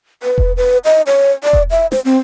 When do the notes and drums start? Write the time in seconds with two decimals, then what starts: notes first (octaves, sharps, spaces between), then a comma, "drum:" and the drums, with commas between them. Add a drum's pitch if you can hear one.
0.23 B4
0.38 drum: kick E1
0.57 B4
0.85 D#5
1.07 C#5
1.44 D5
1.53 drum: kick E1
1.71 E5
1.92 C5, drum: snare
2.05 C4